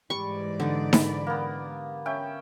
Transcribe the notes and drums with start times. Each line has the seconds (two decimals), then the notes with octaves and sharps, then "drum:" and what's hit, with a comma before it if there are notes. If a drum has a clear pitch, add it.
0.10 G#2 E3 G3 D5 C#6
0.60 D3 D#4
0.93 B5, drum: snare D#4
1.27 A#3 B3
2.06 C#4 E5 G5